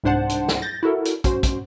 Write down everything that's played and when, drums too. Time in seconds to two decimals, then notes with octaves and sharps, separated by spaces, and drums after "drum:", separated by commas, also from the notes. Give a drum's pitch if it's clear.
0.04 C2 G#2 D4 C5 F#5 A5
0.29 drum: hi-hat
0.48 drum: snare
0.62 G6 A6 A#6
0.83 E4 F#4 A4 A#4
1.05 drum: hi-hat
1.24 C#4 F#4 C5, drum: kick, hi-hat
1.43 drum: kick, hi-hat